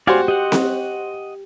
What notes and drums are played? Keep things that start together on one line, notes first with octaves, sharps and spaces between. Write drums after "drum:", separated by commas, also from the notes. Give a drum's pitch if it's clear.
F#4 G4 C5 D5 F5 G#5
G4 D#5 F#5
drum: snare C4